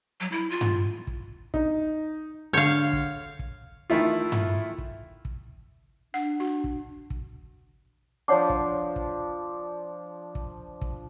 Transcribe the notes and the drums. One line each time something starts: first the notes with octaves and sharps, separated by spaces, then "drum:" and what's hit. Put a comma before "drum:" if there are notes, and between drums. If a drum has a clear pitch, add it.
F#3
E4
F4
drum: tom G2
drum: kick
D#4, drum: kick
D3 C#5 F5 G6
drum: kick
drum: kick
D#3 E3 A3 E4 F4
drum: tom G2
drum: kick
drum: kick
D4 F#5
F#4
drum: kick
drum: kick
F3 D4 C#5 F#5 D6
drum: kick
drum: kick
drum: kick
drum: kick